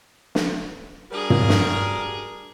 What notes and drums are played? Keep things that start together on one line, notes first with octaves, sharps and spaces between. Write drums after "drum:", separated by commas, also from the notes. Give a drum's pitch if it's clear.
drum: snare
G3 D4 F#4 G#4 A#4
drum: tom
drum: snare